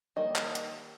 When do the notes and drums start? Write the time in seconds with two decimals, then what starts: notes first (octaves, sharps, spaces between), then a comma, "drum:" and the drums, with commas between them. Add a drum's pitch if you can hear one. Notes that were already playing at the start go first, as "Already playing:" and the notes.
0.16 D#3 G3 A#3 D#5
0.36 drum: clap
0.55 drum: hi-hat